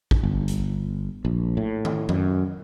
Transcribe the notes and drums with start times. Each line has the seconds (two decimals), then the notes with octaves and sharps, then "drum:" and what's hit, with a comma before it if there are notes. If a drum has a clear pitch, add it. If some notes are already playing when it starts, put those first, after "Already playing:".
0.11 drum: kick A1
0.23 G1
0.48 drum: hi-hat
1.25 A#1
1.57 A2
1.85 drum: tom D#3
2.09 F#2, drum: tom D#3